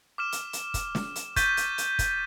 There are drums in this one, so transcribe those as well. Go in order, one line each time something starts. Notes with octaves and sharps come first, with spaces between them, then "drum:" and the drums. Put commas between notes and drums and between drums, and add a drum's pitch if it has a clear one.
D6 F6 E7
drum: hi-hat
drum: hi-hat
drum: kick, hi-hat
drum: snare
drum: hi-hat
C#6 G6 A6 B6 D#7 G7, drum: kick, hi-hat
drum: hi-hat
drum: hi-hat
drum: kick, hi-hat